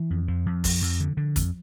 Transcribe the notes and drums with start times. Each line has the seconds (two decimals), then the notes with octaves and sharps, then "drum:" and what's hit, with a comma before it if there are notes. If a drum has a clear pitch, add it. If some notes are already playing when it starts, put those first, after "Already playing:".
Already playing: E3
0.10 F2
0.28 F2 F3
0.46 F2
0.64 F2, drum: kick, open hi-hat
0.82 F2
1.00 D3
1.17 D3
1.36 F2, drum: kick, hi-hat